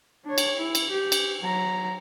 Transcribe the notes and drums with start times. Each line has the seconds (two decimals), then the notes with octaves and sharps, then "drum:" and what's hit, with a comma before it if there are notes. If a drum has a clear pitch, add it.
0.25 D4 C#5
0.38 drum: cymbal
0.56 E4
0.75 drum: cymbal
0.91 G4
1.12 drum: cymbal
1.41 F#3 A#5